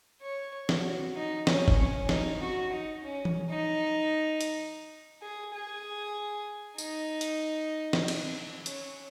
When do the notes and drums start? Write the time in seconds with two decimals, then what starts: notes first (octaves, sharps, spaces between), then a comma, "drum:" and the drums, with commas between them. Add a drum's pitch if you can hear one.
0.22 C#5
0.69 F#4, drum: snare
1.16 D#4
1.47 C#4, drum: snare
1.68 drum: kick F#1
1.79 C#4
2.09 D#4, drum: snare
2.41 F#4
2.73 D#4
3.03 C#4
3.25 drum: tom E3
3.50 D#4
4.41 drum: hi-hat
5.22 G#4
5.54 G#4
6.78 D#4, drum: tambourine
7.21 drum: hi-hat
7.93 drum: snare
8.08 drum: cymbal
8.66 C#4, drum: hi-hat